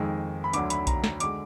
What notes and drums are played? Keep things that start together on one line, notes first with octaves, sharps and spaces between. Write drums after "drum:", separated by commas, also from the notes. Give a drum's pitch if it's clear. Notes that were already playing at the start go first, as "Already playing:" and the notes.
Already playing: F2 D#3 G#3
B5
D2 D3 F#3 D6, drum: hi-hat
B5, drum: hi-hat
A#5, drum: kick B1, hi-hat
drum: snare
D3 G#3 D6, drum: hi-hat